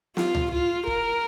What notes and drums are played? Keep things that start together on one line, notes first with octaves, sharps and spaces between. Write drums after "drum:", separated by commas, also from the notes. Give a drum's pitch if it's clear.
F4, drum: snare
drum: tom C#2
F4
A#4, drum: kick